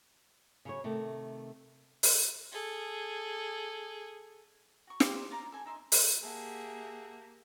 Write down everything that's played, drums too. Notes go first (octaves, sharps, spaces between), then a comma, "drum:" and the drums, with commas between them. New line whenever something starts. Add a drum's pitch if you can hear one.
C#3 F#3 C#5
C3 D#3 A3
drum: open hi-hat
G#4 A4
F#4 C#6
D5 F5 C6, drum: snare
C5
F4 D5 A#5
A4 G#5
D#4 E5 C6
drum: open hi-hat
A#3 G4 G#4 E5 F#5 A5